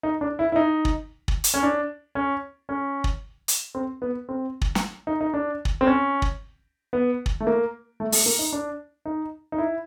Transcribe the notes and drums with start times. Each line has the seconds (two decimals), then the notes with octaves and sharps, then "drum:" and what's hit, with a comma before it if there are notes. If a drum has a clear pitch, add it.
0.03 D#4
0.21 D4
0.39 E4
0.52 E4
0.56 D#4
0.85 drum: kick
1.28 drum: kick
1.44 drum: hi-hat
1.54 C#4
1.63 D4
2.15 C#4
2.69 C#4
3.04 drum: kick
3.48 drum: hi-hat
3.75 C4
4.02 B3
4.29 C4
4.61 drum: kick
4.75 drum: snare
5.07 D#4
5.21 D#4
5.34 D4
5.65 drum: kick
5.81 C4
5.87 C#4
6.22 drum: kick
6.93 B3
7.26 drum: kick
7.40 A3
7.47 A#3
8.00 A3
8.12 A3, drum: open hi-hat
8.26 A#3
8.39 D#4
8.53 D4
9.06 D#4
9.52 D#4
9.58 E4